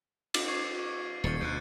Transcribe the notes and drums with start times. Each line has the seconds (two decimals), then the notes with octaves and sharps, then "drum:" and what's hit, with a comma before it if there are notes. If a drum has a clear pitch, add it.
0.34 drum: cymbal
0.48 C#6 G#6 C7
1.24 D#1 D#3 A6 C#7
1.41 D2 B2 F#6 G6